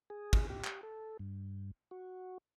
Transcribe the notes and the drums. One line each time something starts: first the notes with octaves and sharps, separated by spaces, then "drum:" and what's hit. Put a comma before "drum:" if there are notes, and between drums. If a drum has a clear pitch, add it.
G#4
drum: kick
G4
drum: clap
A4
G2
F#4